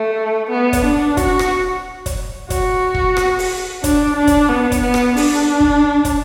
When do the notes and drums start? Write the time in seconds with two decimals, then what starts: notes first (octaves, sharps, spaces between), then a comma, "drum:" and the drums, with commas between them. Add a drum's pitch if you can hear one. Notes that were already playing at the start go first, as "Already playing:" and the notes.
Already playing: A3
0.50 B3
0.73 drum: kick, hi-hat
0.84 D4
1.17 F#4, drum: kick, hi-hat
1.39 drum: rim click
2.06 drum: kick, hi-hat
2.50 F#4, drum: kick, hi-hat
2.94 drum: kick
3.17 drum: rim click
3.39 drum: open hi-hat
3.84 D4, drum: kick, hi-hat
4.16 D4
4.27 drum: kick, hi-hat
4.49 B3
4.72 drum: kick, hi-hat
4.82 B3
4.94 drum: rim click
5.17 D4, drum: open hi-hat
5.60 drum: kick
6.05 drum: kick, hi-hat